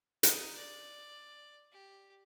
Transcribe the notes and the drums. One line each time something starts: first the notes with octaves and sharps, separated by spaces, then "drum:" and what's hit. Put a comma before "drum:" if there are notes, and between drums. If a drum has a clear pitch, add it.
D#4, drum: hi-hat
D5
G4